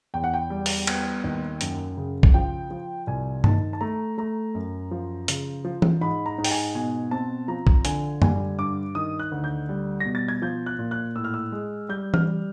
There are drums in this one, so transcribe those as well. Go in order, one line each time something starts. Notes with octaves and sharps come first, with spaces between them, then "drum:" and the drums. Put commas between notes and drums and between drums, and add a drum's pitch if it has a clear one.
E2 G5
F#5
G5
G3
drum: open hi-hat
B3, drum: cymbal
D#2
F#2, drum: hi-hat
C#3
drum: kick B1
F3 G5
F3
C2 G#5
D#3 A5, drum: tom G2
A5
A3 A#5
A3 A#5
F#2
F3
C#3, drum: hi-hat
F3
drum: tom E3
G#2 B5
A#5
G#2
G5, drum: open hi-hat
G#5
B2 G#5
C4 A5
F3 A#5
drum: kick B1
D3 G#5, drum: hi-hat
G3 G#5, drum: tom F#2
G2 D6
D#3 D#6
F#6
D2
G6
G3
B2 A#6
A6
G#6
F3 G6
F#6
A#2
F#6
A2 E6
F6
E6
G#3
G3 G6
F6, drum: tom E3
G3